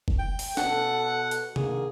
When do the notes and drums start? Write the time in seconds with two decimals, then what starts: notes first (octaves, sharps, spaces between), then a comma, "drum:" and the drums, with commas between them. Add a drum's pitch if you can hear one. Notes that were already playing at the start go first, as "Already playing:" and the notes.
0.08 drum: kick
0.19 G5
0.39 drum: open hi-hat
0.57 B2 A4 F#5, drum: snare
1.31 drum: hi-hat
1.56 D3 D#3 A#3 G#4, drum: tom C3